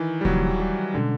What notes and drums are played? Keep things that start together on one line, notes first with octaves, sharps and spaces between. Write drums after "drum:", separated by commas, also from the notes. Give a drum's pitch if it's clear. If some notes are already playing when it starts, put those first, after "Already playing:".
Already playing: D#3 E3
G3
C#3 F3 F#3 A#3, drum: kick D#1
G3
B2 D3 G#3 C#4